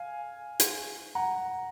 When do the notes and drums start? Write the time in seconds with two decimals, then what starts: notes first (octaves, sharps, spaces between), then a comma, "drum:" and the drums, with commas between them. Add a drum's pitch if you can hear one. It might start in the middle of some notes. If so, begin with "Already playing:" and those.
Already playing: F5 G#5
0.60 drum: hi-hat
1.15 F#5 A#5